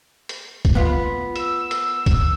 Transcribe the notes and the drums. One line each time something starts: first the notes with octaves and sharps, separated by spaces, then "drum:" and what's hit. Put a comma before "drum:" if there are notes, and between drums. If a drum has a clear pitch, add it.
drum: hi-hat
drum: kick, hi-hat
B3 F4
E6, drum: hi-hat
drum: hi-hat
drum: kick, hi-hat